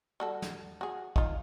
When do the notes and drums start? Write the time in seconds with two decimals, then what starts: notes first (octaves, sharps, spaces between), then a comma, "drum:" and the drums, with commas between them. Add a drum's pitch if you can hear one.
0.20 G3 F#4 A4
0.42 drum: snare
0.81 F#4 G#4
1.16 D#4 F4, drum: kick